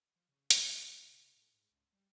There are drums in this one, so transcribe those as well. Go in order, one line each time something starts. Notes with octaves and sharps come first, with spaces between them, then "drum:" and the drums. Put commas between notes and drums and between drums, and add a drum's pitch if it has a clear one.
F3
C#3
A2, drum: hi-hat
F#3
A2
F#2
C3
C3
A2
G#2
C#2
G3